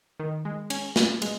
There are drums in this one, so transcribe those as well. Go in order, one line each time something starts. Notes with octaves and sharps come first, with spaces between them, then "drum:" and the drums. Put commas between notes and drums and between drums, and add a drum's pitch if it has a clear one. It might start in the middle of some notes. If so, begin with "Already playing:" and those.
D#3
G#3
C#4, drum: cymbal
C#4, drum: snare
G#3, drum: cymbal